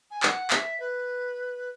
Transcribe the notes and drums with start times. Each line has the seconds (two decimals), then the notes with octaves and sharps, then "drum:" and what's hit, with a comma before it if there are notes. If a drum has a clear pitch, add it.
0.11 G#5
0.23 F#5, drum: clap
0.50 E5, drum: clap
0.80 B4